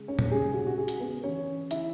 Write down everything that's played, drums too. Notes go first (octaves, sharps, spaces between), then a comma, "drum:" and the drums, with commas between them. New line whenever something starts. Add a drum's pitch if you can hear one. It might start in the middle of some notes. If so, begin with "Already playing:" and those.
Already playing: C#3 G#3
C#4 C#5
drum: tom A#2
C#3 G#3 C#4 G#4
F#4
F#4
G#4
drum: hi-hat
B3 B4
E3 C#4 C#5
E4 E5, drum: hi-hat